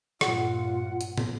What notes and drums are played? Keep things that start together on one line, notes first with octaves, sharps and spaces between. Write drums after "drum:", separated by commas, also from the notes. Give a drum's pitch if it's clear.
G2 A#2 F4 F#5, drum: rim click
drum: hi-hat
drum: tom